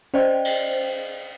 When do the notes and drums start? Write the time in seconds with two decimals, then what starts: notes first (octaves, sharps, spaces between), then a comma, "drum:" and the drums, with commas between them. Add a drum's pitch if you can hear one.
0.14 C#4 C5 D5 D#5 G5
0.45 drum: cymbal